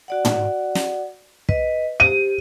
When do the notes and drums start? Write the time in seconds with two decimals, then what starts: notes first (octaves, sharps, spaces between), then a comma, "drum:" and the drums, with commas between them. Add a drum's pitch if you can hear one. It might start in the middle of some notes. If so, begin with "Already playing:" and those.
0.08 F#4 D5 F#5
0.25 drum: tom
0.75 drum: snare
1.49 B4 D#5, drum: kick
2.00 G4 C5 D#7